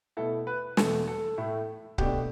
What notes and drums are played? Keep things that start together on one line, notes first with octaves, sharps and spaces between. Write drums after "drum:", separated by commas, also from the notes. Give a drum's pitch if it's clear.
B2 A3 E4 A4
B4
E2 B2 A3 A4, drum: snare
A4
A2 A3 E4
B2 A3 D4 G4, drum: kick C#1